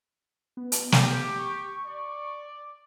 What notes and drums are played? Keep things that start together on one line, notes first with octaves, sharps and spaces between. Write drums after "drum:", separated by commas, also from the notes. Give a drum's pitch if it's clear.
B3
drum: hi-hat
G4, drum: snare
C#6
D5